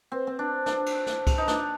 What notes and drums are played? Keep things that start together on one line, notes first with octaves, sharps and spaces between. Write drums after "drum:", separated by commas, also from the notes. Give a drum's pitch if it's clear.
C4
C4
D4
D4, drum: snare
drum: cymbal
drum: snare
drum: kick C2, cymbal
D#4
D4, drum: snare